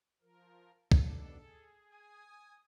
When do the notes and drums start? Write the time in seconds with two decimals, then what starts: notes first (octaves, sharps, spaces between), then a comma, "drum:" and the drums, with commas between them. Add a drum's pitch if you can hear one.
0.22 F3 A#4
0.92 D#2 B2 D4 A4, drum: kick
1.39 G#4
1.92 G#5 D#6